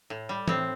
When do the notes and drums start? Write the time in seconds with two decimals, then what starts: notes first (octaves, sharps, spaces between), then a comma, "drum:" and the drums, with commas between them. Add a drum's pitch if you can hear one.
0.10 A2
0.29 G3
0.48 A2 C4, drum: tom E3